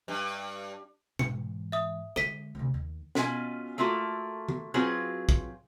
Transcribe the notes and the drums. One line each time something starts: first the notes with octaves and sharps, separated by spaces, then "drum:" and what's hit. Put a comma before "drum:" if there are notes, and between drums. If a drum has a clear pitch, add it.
G2
G#2 E3 C#7, drum: tom B2
E5 D#6
D3 G#3 B6 D#7 G7, drum: rim click
D2 C3
D#2
B2 C#4 F4 G#5, drum: snare
A3 A#3 F4 F#4 A4
drum: tom D#3
F#3 C4 F4 F#4 G#4 B4
drum: kick